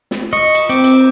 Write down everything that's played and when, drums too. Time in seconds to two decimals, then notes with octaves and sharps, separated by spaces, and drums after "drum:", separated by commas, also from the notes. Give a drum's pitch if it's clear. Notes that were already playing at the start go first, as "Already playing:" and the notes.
0.11 drum: snare
0.33 D#5 C#6
0.55 drum: cymbal
0.69 C4 D6, drum: cymbal
0.84 drum: cymbal